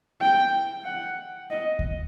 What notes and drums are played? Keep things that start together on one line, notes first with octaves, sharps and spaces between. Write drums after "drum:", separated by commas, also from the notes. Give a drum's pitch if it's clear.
G5
F#5
D#5
drum: kick D2